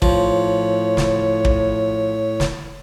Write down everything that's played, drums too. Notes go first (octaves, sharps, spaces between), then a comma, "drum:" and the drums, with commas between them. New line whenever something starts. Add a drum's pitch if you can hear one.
A2 F3 C#5, drum: kick
drum: snare
drum: kick
drum: snare